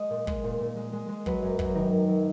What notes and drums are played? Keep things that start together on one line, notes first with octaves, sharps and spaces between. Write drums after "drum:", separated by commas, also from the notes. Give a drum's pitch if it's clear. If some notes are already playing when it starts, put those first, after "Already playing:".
Already playing: G#3 D#5
A#2
G#3, drum: kick
A#2
A#2
G#3
G#3
G#3
F#3 B4, drum: kick
F#2
F#2, drum: kick
D#3 A#4
F#2
F#3